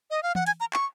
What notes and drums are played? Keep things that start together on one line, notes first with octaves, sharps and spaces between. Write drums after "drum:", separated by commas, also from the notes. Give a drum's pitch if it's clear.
D#5
F5
F#5, drum: tom E3
G#5, drum: hi-hat
A#5
C#6, drum: clap